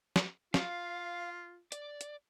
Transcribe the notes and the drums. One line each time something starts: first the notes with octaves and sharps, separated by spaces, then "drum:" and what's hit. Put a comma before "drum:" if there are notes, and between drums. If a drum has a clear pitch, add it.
drum: snare
F4 F5, drum: snare
D5, drum: hi-hat
drum: hi-hat